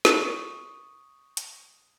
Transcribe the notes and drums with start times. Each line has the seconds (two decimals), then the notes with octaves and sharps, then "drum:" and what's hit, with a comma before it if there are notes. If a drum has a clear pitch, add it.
0.05 C#6 D#6, drum: snare
1.37 drum: hi-hat